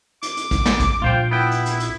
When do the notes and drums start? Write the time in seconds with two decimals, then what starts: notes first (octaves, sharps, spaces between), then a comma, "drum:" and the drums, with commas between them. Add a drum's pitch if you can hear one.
0.23 D6, drum: hi-hat
0.37 drum: hi-hat
0.51 drum: kick, hi-hat
0.66 drum: snare
0.80 drum: kick, hi-hat
1.02 A#1 F4 C5 G5
1.31 B3 E4 G5
1.51 drum: hi-hat
1.66 drum: hi-hat
1.80 drum: hi-hat